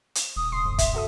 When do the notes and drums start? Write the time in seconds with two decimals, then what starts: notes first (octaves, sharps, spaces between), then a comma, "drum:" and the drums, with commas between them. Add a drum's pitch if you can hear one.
0.15 drum: hi-hat
0.36 D#1 D#6
0.52 C3 C6 C7
0.65 A1 F#2
0.78 E5, drum: kick, hi-hat
0.94 F#4 A4 D#6